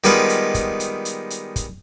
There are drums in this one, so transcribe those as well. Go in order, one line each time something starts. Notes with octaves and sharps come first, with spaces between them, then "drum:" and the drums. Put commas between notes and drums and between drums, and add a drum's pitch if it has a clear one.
D#3 G3 G#3 B3 F4 B4, drum: hi-hat
drum: hi-hat
drum: kick, hi-hat
drum: hi-hat
drum: hi-hat
drum: hi-hat
drum: kick, hi-hat